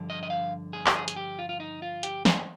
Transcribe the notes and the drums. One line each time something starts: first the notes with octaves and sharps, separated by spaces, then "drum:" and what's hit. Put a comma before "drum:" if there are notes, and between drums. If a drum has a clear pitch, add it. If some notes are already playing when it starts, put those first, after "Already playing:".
Already playing: G2 D3 F3
D#5
D#5
F5
G#4
G4, drum: clap
G#4
G#4, drum: hi-hat
G4
F4
F4
D#4
F4
G4, drum: hi-hat
G#4, drum: snare